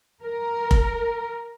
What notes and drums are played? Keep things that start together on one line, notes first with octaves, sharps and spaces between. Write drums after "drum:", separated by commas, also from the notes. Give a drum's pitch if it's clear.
A#4
drum: kick F1